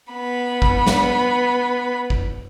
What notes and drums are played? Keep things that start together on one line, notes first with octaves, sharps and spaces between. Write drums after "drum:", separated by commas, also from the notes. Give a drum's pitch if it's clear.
B3 B5
drum: kick
drum: snare
drum: kick